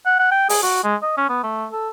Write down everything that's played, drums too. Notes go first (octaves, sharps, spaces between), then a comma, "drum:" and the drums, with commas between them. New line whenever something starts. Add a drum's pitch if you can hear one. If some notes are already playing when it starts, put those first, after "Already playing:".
F#5
F#5
G5
G#4, drum: open hi-hat
F#4
G#3
D#5
C#4
B3
A3
A4